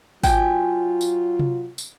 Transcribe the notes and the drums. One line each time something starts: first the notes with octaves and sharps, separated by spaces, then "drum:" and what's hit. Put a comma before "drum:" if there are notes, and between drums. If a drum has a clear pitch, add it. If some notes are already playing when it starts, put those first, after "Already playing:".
F#3 F4 G5 G#5, drum: kick, tambourine
drum: tambourine
drum: tom C3
drum: tambourine